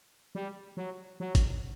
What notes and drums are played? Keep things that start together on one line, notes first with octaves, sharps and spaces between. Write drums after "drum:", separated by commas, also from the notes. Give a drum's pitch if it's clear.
G3
F#3
F#3
drum: kick G#1, hi-hat